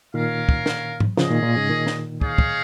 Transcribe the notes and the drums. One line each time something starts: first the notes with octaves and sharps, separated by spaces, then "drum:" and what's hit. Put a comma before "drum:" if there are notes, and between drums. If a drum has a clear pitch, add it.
A#2 D#3 C#4 A#4 F5
drum: kick
drum: snare
drum: tom G#2
C#3 F3 C#4 G#4 D#5, drum: snare
A#2 D#3
A#2
G#2 C#3
A#2 D#3
drum: snare
D#4 G#4 C#5 F5, drum: kick
drum: kick